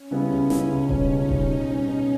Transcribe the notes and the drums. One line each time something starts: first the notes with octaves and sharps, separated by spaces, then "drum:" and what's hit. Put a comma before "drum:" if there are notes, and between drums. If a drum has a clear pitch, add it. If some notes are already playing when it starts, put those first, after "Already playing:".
Already playing: C#4
C#3 G3 B3 E4
C#2 C#4
C#3 G3 B3 E4, drum: snare
C#2
B2 G3 C#4, drum: kick D#1
C#2 D#4
B2 G3 C#4, drum: kick D#1
B2
G3 C#4
B2